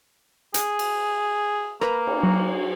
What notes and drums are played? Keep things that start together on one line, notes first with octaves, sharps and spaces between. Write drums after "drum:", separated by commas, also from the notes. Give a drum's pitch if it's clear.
G#4, drum: hi-hat
drum: cymbal
A#3 A#4 B4, drum: rim click
drum: cymbal
F#3